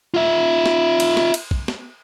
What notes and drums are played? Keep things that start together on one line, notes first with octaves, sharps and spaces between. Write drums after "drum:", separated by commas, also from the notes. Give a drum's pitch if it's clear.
F4 E5
drum: snare
drum: cymbal
drum: snare
drum: cymbal
drum: kick
drum: snare